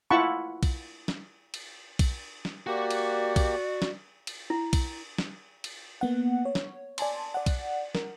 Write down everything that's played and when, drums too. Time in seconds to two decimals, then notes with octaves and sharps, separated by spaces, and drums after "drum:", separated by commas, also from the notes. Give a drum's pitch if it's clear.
0.11 E4 F4 F#5 A5 B5 C#6
0.63 drum: kick B1, cymbal
1.08 drum: snare
1.54 drum: cymbal
1.99 drum: kick B1, cymbal
2.45 drum: snare
2.66 A#3 F#4 G4 D5 F#5
2.91 drum: cymbal
3.36 drum: kick B1, cymbal
3.82 drum: snare
4.27 drum: cymbal
4.50 E4
4.73 drum: kick B1, cymbal
5.18 drum: snare
5.64 drum: cymbal
6.01 A#3 B3 F#5
6.45 C#5
6.55 drum: snare
6.98 D5 G#5 A5 C6, drum: cymbal
7.34 D5 F#5
7.46 drum: kick B1, cymbal
7.95 A#4, drum: snare